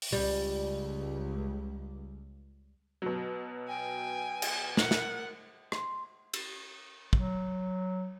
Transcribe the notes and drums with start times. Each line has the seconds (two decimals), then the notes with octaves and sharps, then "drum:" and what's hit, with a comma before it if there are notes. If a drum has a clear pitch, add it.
0.02 drum: open hi-hat
0.12 C#2 G3
3.02 B2 F#3
3.69 G5 G#5
4.42 drum: cymbal
4.77 A#4 F#5, drum: snare
4.91 drum: snare
5.72 C6, drum: rim click
6.34 drum: cymbal
7.13 F#3, drum: kick